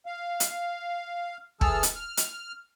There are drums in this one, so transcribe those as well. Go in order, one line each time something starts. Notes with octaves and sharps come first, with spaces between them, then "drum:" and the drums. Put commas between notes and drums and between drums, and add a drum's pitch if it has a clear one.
F5
drum: hi-hat
E3 G#4 A4 A5 E6 F6, drum: kick
drum: hi-hat
F6
drum: hi-hat